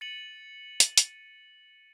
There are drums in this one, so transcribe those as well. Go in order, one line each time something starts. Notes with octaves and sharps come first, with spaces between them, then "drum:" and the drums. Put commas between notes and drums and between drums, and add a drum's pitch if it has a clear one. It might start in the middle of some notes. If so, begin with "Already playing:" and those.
A6 C#7 D#7 F#7
drum: hi-hat
drum: hi-hat